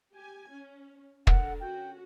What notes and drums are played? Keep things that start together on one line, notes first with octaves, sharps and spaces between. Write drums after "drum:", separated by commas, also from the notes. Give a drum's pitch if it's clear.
G4 G#5
C#4
D3 A4 A#4 F#5, drum: kick
C#4 F#4 G5